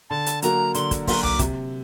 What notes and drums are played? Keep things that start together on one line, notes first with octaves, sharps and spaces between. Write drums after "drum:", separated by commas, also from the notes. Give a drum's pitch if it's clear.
D3 A5
drum: hi-hat
F#3 A#3 F#4 A#4 A#5, drum: hi-hat
D3 C6, drum: hi-hat
drum: kick, hi-hat
F#3 A#3 F#4 A#4 C6, drum: kick, open hi-hat
D6, drum: tom C2
C3, drum: kick, hi-hat